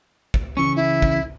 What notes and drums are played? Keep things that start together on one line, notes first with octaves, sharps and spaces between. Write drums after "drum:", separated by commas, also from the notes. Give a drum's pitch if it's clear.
drum: kick
C#3 E3 C#4 C#6
E4
drum: kick